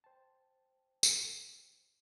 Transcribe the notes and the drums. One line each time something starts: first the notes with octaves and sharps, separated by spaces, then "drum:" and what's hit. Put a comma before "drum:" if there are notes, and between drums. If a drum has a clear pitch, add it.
C5 G5 A5
drum: tambourine